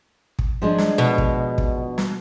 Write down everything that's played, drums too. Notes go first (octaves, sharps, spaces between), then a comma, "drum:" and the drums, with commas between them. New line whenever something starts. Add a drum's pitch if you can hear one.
drum: kick
F3 G#3 D4
drum: snare
B2
drum: kick
drum: kick
drum: snare